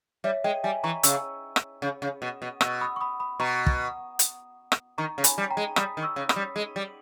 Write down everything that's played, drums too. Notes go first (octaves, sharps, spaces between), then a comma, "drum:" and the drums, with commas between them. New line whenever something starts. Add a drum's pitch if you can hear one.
G3 C#5 E5
G#3 D#5 G5
G3 E5 G#5
E3 A#5 C#6
C#3 C#6 E6, drum: hi-hat
drum: rim click
C#3
C#3
B2
B2
B2 C#6 E6, drum: rim click
B5 D#6
C#6
B5 D#6
B5 D#6
B2 A#5 C#6
drum: kick
drum: hi-hat
drum: rim click
D#3 A#5 C#6
C#3
G#5 B5, drum: hi-hat
G3
G5 A#5
G#3
G3 B5 D#6, drum: rim click
D#3
C#6 E6
C#3
B5 D#6, drum: rim click
G3
G#3
G3